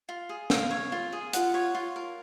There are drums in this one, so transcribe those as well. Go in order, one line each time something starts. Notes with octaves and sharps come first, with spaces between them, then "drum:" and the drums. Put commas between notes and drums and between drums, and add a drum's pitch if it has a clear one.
F4
G#4
F5, drum: snare
C#5
F4
G#4
F4 F#5, drum: hi-hat
C#5
F4
A#4